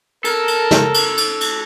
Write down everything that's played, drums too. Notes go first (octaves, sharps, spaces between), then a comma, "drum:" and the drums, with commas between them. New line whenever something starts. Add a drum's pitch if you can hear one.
A4 A#4, drum: cymbal
drum: cymbal
drum: snare
drum: cymbal
drum: cymbal
drum: cymbal